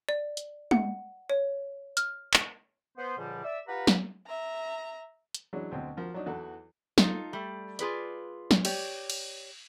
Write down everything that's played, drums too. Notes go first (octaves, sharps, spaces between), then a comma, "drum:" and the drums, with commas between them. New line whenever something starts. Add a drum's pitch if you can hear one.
D5
drum: hi-hat
F#5, drum: tom
C#5
F6, drum: hi-hat
drum: clap
B3 C5
C#2 A#2 D3 F3 G3
D5 E5 E6
F4 G4 B4 F#5 A#5 B5
drum: snare
E5 A#5
drum: hi-hat
E3 F#3 G#3 C#4 D4
D2 B2 C4 G5
F3 F#4 A#4
F#3 D4 D#4
E2 E3 F#4 A4
D#4 F4 A4, drum: snare
G3 A3
F4 G#4 B4 D5, drum: hi-hat
drum: snare
G4 C#5 D5, drum: cymbal
drum: cymbal